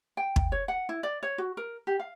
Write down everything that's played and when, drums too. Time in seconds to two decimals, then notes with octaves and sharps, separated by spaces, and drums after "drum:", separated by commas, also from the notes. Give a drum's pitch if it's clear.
0.17 G5
0.36 drum: kick
0.52 C#5
0.68 F#5
0.89 E4
1.03 D5
1.23 C#5
1.38 F#4
1.57 A#4
1.87 G4
1.99 F5